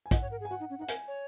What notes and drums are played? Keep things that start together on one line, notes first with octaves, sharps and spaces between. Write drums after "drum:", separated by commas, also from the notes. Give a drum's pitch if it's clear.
G#5
D#5 F#5, drum: kick, hi-hat
C#5
A#4
G#4
G#5
F#4 F#5
D#4
C#4
D#4
F#5
A#4 G#5, drum: hi-hat
C#5